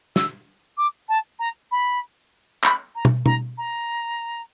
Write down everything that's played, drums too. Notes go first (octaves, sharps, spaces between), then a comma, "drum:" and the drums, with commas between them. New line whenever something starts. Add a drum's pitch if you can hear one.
E6, drum: snare
D6
A5
A#5
B5
B5, drum: clap
A#5
drum: tom
A#5, drum: tom
A#5